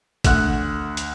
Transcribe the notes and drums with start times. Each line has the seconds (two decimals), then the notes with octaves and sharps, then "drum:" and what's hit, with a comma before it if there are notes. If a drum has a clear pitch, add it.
0.24 D2 F#5 F#6, drum: kick, hi-hat
0.97 drum: hi-hat